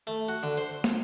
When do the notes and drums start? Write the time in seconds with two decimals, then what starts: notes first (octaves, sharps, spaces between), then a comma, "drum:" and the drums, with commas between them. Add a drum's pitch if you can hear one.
0.07 A3
0.28 F#4
0.43 D3
0.58 C5
0.84 drum: snare